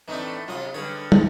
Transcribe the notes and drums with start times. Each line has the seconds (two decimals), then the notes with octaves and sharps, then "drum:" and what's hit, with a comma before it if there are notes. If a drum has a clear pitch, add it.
0.08 A2 E3 A3 C4 D4 D#4
0.48 C3 F#3 F4 D#5
0.74 D3 G3 G#4 B4 C#5
1.12 drum: tom